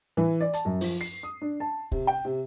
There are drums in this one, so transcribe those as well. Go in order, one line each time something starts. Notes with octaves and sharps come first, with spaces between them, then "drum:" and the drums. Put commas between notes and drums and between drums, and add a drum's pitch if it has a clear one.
E3
D5
A5, drum: hi-hat
F#2
F3, drum: open hi-hat
C7
D#6
D4
A5
C3, drum: kick
G5
C3